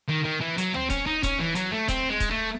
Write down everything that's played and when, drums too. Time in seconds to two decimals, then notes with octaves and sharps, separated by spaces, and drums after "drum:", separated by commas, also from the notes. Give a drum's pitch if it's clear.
0.09 D#3
0.25 D#3
0.41 E3
0.58 F#3, drum: hi-hat
0.74 C4, drum: tom
0.90 C#4, drum: kick D#1, hi-hat
1.06 D#4
1.23 C#4, drum: kick D#1, hi-hat
1.38 E3
1.55 F#3, drum: hi-hat
1.71 A3
1.88 C4, drum: kick D#1, hi-hat
2.10 G#3
2.20 drum: kick D#1, hi-hat
2.31 A3